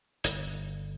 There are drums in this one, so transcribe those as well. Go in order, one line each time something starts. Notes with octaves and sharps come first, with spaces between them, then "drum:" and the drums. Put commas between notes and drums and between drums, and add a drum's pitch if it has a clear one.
G1, drum: hi-hat